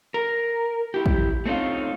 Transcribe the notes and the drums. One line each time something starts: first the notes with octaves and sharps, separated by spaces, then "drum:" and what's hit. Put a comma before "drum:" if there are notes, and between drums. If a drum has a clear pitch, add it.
A#4
E4 G4
drum: kick
A3 C4 C#4 D#4 F4